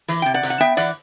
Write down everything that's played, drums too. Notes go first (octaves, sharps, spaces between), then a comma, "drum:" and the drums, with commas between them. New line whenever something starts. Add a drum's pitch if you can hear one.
E3, drum: hi-hat
C3 G5
D5 F#5
C3, drum: hi-hat
F#5
B3 E5 G5
E3 D5 F#5, drum: hi-hat